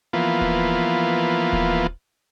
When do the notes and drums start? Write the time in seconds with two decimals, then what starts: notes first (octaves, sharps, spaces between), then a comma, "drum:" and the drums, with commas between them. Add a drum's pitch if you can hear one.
0.13 E3 F3 A#3 B3 F4
0.41 drum: kick D#1
1.53 drum: kick D#1